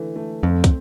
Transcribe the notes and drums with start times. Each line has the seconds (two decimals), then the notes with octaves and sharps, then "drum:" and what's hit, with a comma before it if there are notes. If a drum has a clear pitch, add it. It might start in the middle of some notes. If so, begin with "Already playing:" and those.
Already playing: D3 E3 A3
0.16 A3
0.43 F2 C4
0.64 drum: kick, hi-hat